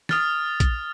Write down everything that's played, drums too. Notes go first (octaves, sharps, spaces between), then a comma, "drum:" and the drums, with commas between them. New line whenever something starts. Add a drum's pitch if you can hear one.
D#6 F6 A6, drum: snare
drum: kick A#1, hi-hat